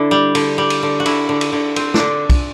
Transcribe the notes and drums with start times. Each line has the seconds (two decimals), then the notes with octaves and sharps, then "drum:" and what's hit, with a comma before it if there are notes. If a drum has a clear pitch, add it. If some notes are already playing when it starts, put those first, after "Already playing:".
Already playing: D3 D4 E4
0.11 G3
0.35 D3, drum: cymbal
0.58 G3
0.70 drum: cymbal
0.83 D3
1.00 F#4
1.06 D3 E4, drum: cymbal
1.29 D3
1.41 drum: cymbal
1.53 D3
1.76 C4, drum: cymbal
1.94 D4, drum: snare
2.00 D3
2.30 drum: kick, cymbal